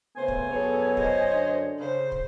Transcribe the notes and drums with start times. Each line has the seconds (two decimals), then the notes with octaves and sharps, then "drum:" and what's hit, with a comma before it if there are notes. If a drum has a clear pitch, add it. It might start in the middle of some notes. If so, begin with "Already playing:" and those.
0.16 C#3 A3 B3 C5 G#5
0.28 drum: kick
0.51 F#2 B3 G#4 A4 C#5
0.97 C5 D#5, drum: kick
1.29 D3
1.79 C#3 C5
2.12 drum: kick